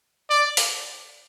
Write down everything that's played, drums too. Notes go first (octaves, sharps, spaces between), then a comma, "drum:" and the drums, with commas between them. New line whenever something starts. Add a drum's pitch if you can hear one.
D5
drum: open hi-hat